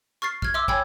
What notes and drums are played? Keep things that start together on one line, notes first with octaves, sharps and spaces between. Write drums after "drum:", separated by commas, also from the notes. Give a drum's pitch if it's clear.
C#6 F6 A6 C7
F6 G#6, drum: kick
E5 C6 D6 E6
C#5 G5 G#5 B5 E6 G#6, drum: kick